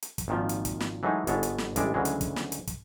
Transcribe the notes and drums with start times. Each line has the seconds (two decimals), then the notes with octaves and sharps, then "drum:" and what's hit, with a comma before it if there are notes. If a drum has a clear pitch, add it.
0.02 drum: hi-hat
0.18 drum: kick, hi-hat
0.28 G#1 A#2 D#3 F3
0.49 drum: hi-hat
0.65 drum: kick, hi-hat
0.80 drum: snare
1.03 E3 F#3 G#3 A3 D#4
1.27 G1 G#2 G#3 B3 A4 C#5, drum: hi-hat
1.43 drum: hi-hat
1.58 drum: snare
1.76 A1 G2 G#3 D5 E5, drum: kick, hi-hat
1.94 D2 C#3 E3 F#3 G#3
2.05 drum: hi-hat
2.21 drum: kick, hi-hat
2.36 drum: snare
2.52 drum: hi-hat
2.67 drum: kick, hi-hat